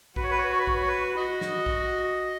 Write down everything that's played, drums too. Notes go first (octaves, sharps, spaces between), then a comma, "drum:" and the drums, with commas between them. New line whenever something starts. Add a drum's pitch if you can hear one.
F#4 B4, drum: kick A#1
C#5
B4
C#5
B4
C#5
B4
C#5, drum: kick A#1
B4
C#5
B4
F#4 D#5
drum: snare
drum: kick A#1